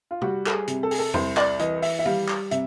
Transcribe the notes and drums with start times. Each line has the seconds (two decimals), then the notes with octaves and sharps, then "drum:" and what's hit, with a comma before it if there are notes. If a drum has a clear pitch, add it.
0.11 F4
0.21 G3 F#4, drum: tom
0.46 A4, drum: clap
0.53 G#4
0.68 C3, drum: hi-hat
0.83 A4
0.91 G#4, drum: open hi-hat
0.99 A4
1.14 C2 C5, drum: tom E2
1.37 D5, drum: clap
1.59 E3 D#5, drum: hi-hat
1.82 E5, drum: open hi-hat
1.99 E5
2.06 G3 F5, drum: tom
2.28 drum: clap
2.51 C3 E5, drum: hi-hat